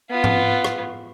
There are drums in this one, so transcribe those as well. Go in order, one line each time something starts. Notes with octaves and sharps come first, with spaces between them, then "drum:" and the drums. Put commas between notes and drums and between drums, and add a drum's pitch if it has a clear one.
B3 F4
drum: tom G#2
drum: rim click